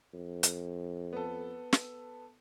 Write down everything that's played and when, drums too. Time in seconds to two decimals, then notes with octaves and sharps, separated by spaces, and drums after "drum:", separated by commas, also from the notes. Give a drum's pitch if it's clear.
0.14 F2
0.43 drum: hi-hat
1.13 B3 A4
1.73 drum: snare